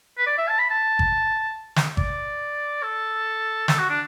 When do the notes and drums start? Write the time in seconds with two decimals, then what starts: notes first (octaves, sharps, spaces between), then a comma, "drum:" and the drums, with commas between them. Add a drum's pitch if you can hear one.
0.18 B4
0.26 D5
0.38 E5
0.48 A5
0.59 B5
0.70 A5
0.99 drum: kick G#1
1.76 drum: snare
1.97 D5, drum: kick G#1
2.83 A4
3.68 A4, drum: snare
3.78 F#4
3.89 D4